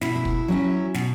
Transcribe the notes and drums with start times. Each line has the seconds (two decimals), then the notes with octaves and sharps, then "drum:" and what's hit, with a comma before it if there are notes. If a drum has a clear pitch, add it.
0.01 B2 E4, drum: snare
0.16 E4
0.25 drum: kick
0.48 F#3 C#4 E4
0.94 B2, drum: snare